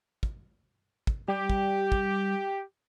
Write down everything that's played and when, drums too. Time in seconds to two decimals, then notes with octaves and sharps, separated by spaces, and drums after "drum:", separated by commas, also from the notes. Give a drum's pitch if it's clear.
0.23 drum: kick
1.07 drum: kick
1.28 G3 G4
1.50 drum: kick
1.92 drum: kick